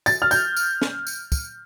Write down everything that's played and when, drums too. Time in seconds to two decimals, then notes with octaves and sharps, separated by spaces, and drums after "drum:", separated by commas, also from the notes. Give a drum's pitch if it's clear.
0.06 A6, drum: tambourine
0.22 F6
0.31 G6, drum: tambourine
0.56 drum: tambourine
0.82 drum: snare
1.07 drum: tambourine
1.32 drum: kick, tambourine